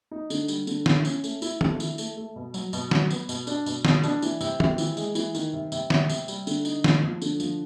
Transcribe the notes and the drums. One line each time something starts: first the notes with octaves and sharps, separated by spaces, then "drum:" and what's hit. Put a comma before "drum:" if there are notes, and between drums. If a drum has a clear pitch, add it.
D#4
D3, drum: tambourine
G3, drum: tambourine
D3, drum: tambourine
E4, drum: snare
C#4, drum: tambourine
A3, drum: tambourine
E4, drum: tambourine
A3, drum: tom
E4, drum: tambourine
A3, drum: tambourine
A3
B2
F#3, drum: tambourine
B2, drum: tambourine
F#3, drum: snare
B3, drum: tambourine
B2, drum: tambourine
D4, drum: tambourine
B2, drum: tambourine
B2, drum: snare
D4, drum: tambourine
E3, drum: tambourine
C3, drum: tambourine
C3, drum: tom
E3, drum: tambourine
G#3, drum: tambourine
E3, drum: tambourine
D#3, drum: tambourine
C3
C3, drum: tambourine
C3, drum: snare
C3, drum: tambourine
G3, drum: tambourine
D3, drum: tambourine
D#4, drum: tambourine
F3, drum: snare
F3
D3, drum: tambourine
F3, drum: tambourine